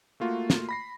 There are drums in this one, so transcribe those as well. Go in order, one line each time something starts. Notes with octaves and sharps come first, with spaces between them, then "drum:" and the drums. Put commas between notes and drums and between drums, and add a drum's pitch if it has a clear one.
A3 A#3 F4 F#4
drum: snare
B5 A#6 C7